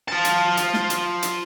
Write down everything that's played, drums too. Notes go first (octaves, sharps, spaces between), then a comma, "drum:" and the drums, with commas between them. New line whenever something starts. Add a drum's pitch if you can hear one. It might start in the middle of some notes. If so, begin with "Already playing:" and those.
F4 A5
drum: hi-hat
drum: hi-hat
drum: snare
drum: hi-hat
drum: hi-hat